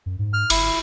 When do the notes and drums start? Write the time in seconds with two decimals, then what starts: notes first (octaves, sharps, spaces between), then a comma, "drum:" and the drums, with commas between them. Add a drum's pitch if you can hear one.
0.06 F#2
0.19 G#2
0.33 F6
0.50 G1 E4, drum: cymbal